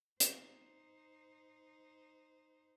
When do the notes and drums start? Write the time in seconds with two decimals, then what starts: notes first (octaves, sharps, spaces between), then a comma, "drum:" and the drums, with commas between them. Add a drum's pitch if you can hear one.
0.20 D#4 C5, drum: hi-hat